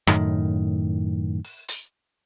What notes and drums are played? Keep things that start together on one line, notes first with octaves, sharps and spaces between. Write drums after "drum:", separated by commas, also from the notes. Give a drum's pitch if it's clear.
F#2 A2 D#3, drum: rim click
drum: open hi-hat
drum: hi-hat